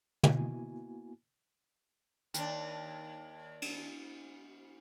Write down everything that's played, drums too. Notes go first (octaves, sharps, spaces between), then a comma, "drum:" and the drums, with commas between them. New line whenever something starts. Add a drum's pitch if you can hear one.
A#3 B3 E4 F#4 G#5, drum: tom
D#2 D4, drum: hi-hat
drum: cymbal